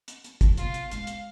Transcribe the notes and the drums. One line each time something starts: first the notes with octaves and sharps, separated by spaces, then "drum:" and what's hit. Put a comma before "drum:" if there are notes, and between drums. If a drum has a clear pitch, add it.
drum: hi-hat
drum: hi-hat
drum: kick, hi-hat
C3 B3 F4, drum: hi-hat
drum: hi-hat
G#3 F5, drum: hi-hat
drum: hi-hat